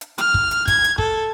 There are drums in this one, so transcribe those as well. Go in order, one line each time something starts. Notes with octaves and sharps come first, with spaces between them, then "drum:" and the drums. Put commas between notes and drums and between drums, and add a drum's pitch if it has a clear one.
drum: hi-hat
F6, drum: hi-hat
drum: kick
drum: hi-hat
G#6, drum: kick, hi-hat
drum: hi-hat
A4, drum: kick